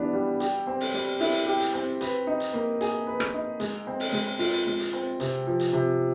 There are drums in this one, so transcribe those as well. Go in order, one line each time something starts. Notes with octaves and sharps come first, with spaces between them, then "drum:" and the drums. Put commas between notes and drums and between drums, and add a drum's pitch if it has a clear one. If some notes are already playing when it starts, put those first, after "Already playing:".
Already playing: E3 G3 B3 D4
G3
G4, drum: hi-hat
C4
drum: open hi-hat
G3
E4, drum: open hi-hat
G4
drum: hi-hat
C4
B4, drum: hi-hat
D#4
drum: hi-hat
A#3
G#4, drum: hi-hat
B4
drum: rim click
D#4
G#3, drum: hi-hat
C4
drum: open hi-hat
G#3
F4, drum: open hi-hat
G#3
drum: hi-hat
C4
C3, drum: hi-hat
F3
drum: hi-hat
C3